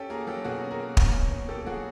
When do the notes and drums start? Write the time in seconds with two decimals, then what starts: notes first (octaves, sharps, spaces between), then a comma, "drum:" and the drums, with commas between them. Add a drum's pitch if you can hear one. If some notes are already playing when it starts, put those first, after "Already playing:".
Already playing: C#4 G4 A4
0.10 A#3 G#4 A#4
0.27 F#3 G4 A4
0.45 B2 F#4 G#4
0.62 C#4
0.71 G#4 A#4
0.79 A#3
0.97 F#3, drum: kick
1.14 B2
1.31 C#4
1.49 A#3 G4 A4
1.66 F#3 F#4 G#4